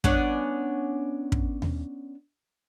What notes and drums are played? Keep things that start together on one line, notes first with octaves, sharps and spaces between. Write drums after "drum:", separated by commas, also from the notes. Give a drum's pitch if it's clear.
B3 C#4 D4, drum: kick
drum: kick
drum: tom D#2